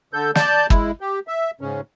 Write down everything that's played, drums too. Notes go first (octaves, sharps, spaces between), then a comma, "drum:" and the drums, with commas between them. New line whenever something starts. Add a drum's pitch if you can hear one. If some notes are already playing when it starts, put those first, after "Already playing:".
D3 A4 G6
D5 A5 G6, drum: snare
G#3 E4, drum: kick
G4
E5
G#2 C#3 C#4